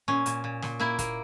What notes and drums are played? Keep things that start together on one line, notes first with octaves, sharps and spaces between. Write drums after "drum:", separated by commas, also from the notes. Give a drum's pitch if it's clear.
A#2 C#4
A#2, drum: hi-hat
A#2
A#2, drum: snare
A#3 E4
A#3, drum: kick, hi-hat